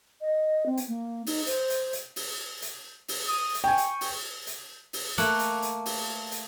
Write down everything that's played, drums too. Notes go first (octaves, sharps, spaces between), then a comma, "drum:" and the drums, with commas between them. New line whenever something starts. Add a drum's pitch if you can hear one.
D#5
C4
drum: hi-hat
A#3
D#4, drum: open hi-hat
C5, drum: hi-hat
drum: hi-hat
drum: hi-hat
drum: open hi-hat
drum: hi-hat
drum: open hi-hat
D#6
drum: hi-hat
G5 G#5 C#6
drum: hi-hat
drum: open hi-hat
drum: hi-hat
drum: open hi-hat
A3 A#3 F#5, drum: hi-hat
drum: hi-hat
drum: hi-hat
drum: open hi-hat
drum: hi-hat